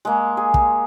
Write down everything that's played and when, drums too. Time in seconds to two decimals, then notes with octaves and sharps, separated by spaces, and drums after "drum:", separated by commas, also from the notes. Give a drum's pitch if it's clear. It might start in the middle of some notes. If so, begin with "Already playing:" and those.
0.05 G#3 A#3
0.37 G#4
0.54 drum: kick